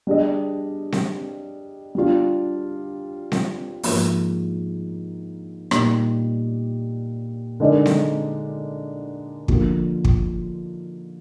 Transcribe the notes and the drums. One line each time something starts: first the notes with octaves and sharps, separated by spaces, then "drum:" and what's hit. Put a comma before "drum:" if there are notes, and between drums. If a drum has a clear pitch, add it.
G3 D4 G#4 D#5
drum: snare C4
G3 D4 F4
drum: snare C4
G#2 F3 A#3, drum: open hi-hat
A#2 G3 A#3 D#4, drum: rim click
D3 G#3 D#4 A#4 D5
drum: snare C4
D3 F3 A#3 F4, drum: kick
drum: kick